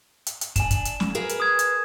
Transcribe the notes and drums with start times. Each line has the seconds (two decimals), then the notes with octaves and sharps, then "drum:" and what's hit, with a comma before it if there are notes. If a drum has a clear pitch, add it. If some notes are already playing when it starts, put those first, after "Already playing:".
0.27 drum: hi-hat
0.41 drum: hi-hat
0.56 D4 G#5 E7, drum: kick, hi-hat
0.71 drum: kick, hi-hat
0.85 drum: hi-hat
1.00 drum: snare
1.15 G#4 A#4 B4
1.29 drum: hi-hat
1.40 D#6 G#6
1.59 drum: hi-hat